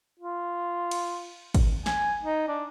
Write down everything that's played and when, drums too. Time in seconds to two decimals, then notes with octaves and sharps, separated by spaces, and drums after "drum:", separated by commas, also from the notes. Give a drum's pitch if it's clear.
0.20 F4
0.91 drum: cymbal
1.54 drum: kick G#1, cymbal
1.86 G#5, drum: snare
2.23 D#4
2.48 D4